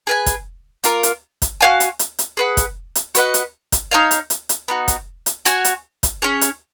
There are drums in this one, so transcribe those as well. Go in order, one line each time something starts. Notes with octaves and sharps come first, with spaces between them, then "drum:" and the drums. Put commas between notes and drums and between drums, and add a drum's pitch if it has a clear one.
G#4 B4 F5 G#5
drum: kick, hi-hat
A#3 F4 A#4 F5, drum: hi-hat
drum: hi-hat
drum: kick, hi-hat
F#4 C#5 F5 G#5
drum: hi-hat
drum: hi-hat
drum: hi-hat
G#4 B4 F#5
drum: kick, hi-hat
drum: hi-hat
F#4 B4 D#5 F#5, drum: hi-hat
drum: hi-hat
drum: kick, hi-hat
D#4 A#4 C#5 F5
drum: hi-hat
drum: hi-hat
drum: hi-hat
B3 D#4 F#4
drum: kick, hi-hat
drum: hi-hat
F#4 C#5 G#5, drum: hi-hat
drum: hi-hat
drum: kick, hi-hat
C#4 G#4 C#5
drum: hi-hat